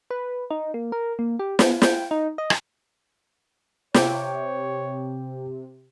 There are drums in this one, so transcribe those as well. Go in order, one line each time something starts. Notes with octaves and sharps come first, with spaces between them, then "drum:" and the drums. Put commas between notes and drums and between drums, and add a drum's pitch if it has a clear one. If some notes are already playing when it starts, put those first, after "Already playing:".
B4
D#4
A#3
A#4
A#3
G4
B3, drum: snare
G5, drum: snare
D#4
D#5
drum: rim click
C3 C#5 G5 D6, drum: snare